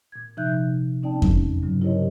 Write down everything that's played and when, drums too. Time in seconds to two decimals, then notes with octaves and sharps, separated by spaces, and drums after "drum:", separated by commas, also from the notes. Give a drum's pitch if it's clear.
0.12 A#2 G#6
0.37 C3 F3 D#4 E5 F#6 G6
1.02 C4 C#4 D#4 D5 G5 A5
1.22 C#4, drum: kick F2
1.63 G2 C#3 F#3
1.82 E4 G4 A#4 C5 C#5 D#5